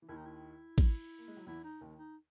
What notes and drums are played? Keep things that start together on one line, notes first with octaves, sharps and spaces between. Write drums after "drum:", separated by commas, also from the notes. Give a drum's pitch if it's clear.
E3
D#2 D#3 E4
D#4
E4
drum: kick A1, cymbal
A#3
G#3
F#3
E2 E3 E4
D#4
D#2 D#3
D#4